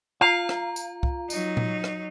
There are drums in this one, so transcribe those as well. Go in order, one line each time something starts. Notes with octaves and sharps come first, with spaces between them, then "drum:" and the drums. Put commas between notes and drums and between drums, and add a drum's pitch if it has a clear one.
F4 F5 A#5
drum: rim click
drum: tambourine
drum: kick C2
F#3 D#4, drum: tambourine
drum: tom A#2
drum: rim click